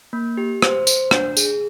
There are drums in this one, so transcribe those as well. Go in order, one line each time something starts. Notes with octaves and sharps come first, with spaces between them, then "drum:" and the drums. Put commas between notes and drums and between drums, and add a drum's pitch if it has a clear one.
A#3
G4
C5, drum: rim click
C5, drum: tambourine
D4, drum: rim click
G#4, drum: tambourine